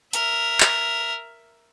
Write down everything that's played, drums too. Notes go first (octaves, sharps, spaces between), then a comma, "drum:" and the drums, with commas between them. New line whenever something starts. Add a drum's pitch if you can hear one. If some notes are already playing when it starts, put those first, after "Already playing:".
A#4 E5, drum: hi-hat
drum: clap